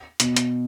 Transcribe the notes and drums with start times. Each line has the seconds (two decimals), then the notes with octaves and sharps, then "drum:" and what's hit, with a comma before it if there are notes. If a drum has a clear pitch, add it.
0.20 B2, drum: hi-hat
0.37 drum: hi-hat